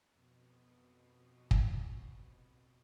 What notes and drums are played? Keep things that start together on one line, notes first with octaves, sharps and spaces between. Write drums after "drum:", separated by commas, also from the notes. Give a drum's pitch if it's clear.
F2 B2
drum: kick